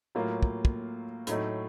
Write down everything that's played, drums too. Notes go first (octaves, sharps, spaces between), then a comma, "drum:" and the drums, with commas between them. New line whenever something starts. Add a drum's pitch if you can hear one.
A2 F#3 A#3 F4
drum: kick
drum: kick
A2 F#3 A3 D#4, drum: hi-hat